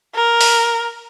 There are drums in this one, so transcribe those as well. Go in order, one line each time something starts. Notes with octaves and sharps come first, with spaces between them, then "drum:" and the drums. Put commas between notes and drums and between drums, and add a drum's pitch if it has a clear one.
A#4
drum: open hi-hat